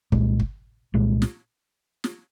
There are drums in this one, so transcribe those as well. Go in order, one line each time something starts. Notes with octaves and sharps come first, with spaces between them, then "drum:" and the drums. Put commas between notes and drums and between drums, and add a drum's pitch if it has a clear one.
C2 A#2 G#3, drum: kick
drum: kick
C2 A#2 G#3
drum: snare
drum: snare